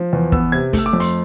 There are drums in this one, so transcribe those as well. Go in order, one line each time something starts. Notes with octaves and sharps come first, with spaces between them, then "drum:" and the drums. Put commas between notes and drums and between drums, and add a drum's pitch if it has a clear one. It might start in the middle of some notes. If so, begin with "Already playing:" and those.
Already playing: F3
E2
B3 E6, drum: kick
C3 G#6
A3, drum: kick, hi-hat
E6
D6
F2
C6, drum: hi-hat